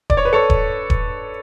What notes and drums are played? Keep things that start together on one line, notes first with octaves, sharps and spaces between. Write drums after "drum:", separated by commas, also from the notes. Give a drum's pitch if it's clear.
D5, drum: kick D#1
C#5
B4
A4 C#5
drum: kick D#1
drum: kick D#1